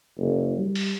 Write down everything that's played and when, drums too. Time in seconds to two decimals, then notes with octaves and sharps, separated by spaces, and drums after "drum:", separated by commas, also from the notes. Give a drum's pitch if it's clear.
0.18 F#1
0.58 G3
0.75 drum: open hi-hat